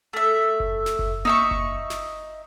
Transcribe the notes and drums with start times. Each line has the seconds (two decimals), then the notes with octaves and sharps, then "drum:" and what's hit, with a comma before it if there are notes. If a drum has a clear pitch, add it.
0.13 A3 E5
0.60 drum: kick F#1
0.86 drum: snare
0.99 drum: kick F#1
1.25 D#4 E5 C#6, drum: tom A#3
1.51 drum: kick F#1
1.90 drum: snare